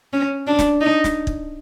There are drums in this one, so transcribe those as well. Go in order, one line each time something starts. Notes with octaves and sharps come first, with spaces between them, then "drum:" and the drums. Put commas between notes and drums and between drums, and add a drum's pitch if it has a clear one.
C#4
D4
drum: snare
D#4
drum: snare
drum: kick